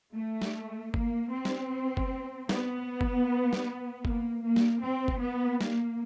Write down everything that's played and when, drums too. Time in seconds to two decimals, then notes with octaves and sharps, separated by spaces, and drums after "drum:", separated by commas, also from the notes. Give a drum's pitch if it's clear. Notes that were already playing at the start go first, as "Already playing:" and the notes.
0.15 A3
0.42 drum: snare
0.94 A#3, drum: kick F#1
1.32 C4
1.45 drum: snare
1.97 drum: kick F#1
2.49 B3, drum: snare
3.01 drum: kick F#1
3.53 drum: snare
4.05 A#3, drum: kick F#1
4.43 A#3
4.56 drum: snare
4.82 C4
5.08 drum: kick F#1
5.21 B3
5.61 A#3, drum: snare